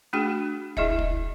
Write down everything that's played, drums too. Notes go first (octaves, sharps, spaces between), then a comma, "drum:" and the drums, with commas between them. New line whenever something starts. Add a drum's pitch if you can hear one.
A3 D4 F#4 G#4 G5
E4 G#4 D#5 E5, drum: kick
drum: kick